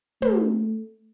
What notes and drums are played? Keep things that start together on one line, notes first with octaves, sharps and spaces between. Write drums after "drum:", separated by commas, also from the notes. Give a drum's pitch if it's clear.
A3, drum: tom